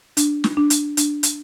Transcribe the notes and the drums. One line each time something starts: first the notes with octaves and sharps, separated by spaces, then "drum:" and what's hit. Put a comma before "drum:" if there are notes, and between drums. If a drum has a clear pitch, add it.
D4, drum: hi-hat
drum: snare
D4
drum: hi-hat
D4, drum: hi-hat
drum: hi-hat